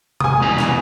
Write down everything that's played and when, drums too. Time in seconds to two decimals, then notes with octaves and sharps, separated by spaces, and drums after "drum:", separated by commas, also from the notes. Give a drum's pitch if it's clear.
0.20 G#5 D#6, drum: tom C3
0.41 E2 B2 A#5
0.59 drum: snare